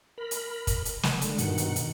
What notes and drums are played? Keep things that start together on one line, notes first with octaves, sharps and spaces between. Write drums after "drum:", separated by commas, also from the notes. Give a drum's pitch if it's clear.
A#4 B5
drum: hi-hat
drum: kick, hi-hat
drum: hi-hat
drum: snare
D3 G#3, drum: hi-hat
G2 B2 D#3 F#5, drum: hi-hat
drum: hi-hat
drum: hi-hat